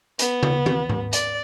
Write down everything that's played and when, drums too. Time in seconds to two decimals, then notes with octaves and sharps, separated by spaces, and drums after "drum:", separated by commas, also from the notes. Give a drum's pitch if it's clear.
0.19 B3, drum: hi-hat
0.43 drum: tom C#3
0.66 drum: tom D#3
0.89 drum: tom
1.13 D5, drum: hi-hat